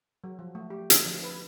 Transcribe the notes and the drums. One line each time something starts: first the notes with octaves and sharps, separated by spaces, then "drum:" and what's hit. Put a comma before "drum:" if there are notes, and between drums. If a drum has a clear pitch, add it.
F#3
F3
A3
G4
D3, drum: hi-hat
F3
B4